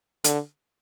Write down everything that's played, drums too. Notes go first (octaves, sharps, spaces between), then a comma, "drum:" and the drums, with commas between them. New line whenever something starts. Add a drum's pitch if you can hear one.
D3, drum: hi-hat